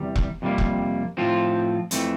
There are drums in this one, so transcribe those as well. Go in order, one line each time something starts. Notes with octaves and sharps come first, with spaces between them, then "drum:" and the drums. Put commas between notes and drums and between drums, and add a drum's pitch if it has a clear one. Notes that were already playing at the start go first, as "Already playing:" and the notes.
Already playing: E2 C3 G3
drum: kick E1
F2 C3 G3 A#3
drum: kick E1
A2 F3 C4 F4
F2 E3 A3 C4, drum: hi-hat